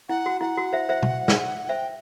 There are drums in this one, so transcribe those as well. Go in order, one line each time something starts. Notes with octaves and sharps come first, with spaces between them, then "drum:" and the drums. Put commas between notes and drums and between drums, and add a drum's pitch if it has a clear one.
E4 F#5
F#4
E4 F#5
F#4
C5 E5
C5 E5
drum: tom B2
drum: snare
C5 E5 G5